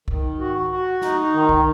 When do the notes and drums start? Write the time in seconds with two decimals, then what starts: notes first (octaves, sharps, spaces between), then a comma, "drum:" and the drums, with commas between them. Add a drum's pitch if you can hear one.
0.08 D#3, drum: kick
0.38 F#4
0.70 F#4
1.02 D#4, drum: snare
1.33 D#3
1.49 drum: kick